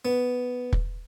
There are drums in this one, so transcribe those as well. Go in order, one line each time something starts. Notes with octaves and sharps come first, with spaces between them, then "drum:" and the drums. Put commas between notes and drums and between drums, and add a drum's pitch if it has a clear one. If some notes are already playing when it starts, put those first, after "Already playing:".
B3
drum: kick